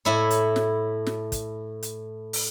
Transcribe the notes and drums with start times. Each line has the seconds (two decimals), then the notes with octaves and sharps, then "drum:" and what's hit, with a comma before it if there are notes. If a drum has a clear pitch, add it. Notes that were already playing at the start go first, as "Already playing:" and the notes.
0.05 A2 E4 C#5
0.30 drum: hi-hat
0.56 drum: snare
1.07 drum: snare
1.32 drum: kick, hi-hat
1.83 drum: hi-hat
2.33 drum: open hi-hat